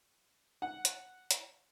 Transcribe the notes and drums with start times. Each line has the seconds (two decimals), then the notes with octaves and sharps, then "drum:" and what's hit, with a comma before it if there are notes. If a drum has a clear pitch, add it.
0.62 F#5
0.85 drum: hi-hat
1.31 drum: hi-hat